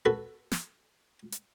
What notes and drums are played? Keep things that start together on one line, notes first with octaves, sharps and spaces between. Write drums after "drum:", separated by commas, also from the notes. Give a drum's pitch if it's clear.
F#4 A4 B4
drum: snare
drum: hi-hat